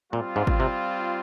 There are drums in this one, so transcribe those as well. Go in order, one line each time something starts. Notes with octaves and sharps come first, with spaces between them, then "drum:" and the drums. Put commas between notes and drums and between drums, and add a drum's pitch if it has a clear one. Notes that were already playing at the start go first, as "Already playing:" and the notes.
A#2 G3 C4 F4
G#2
drum: kick G#1
C3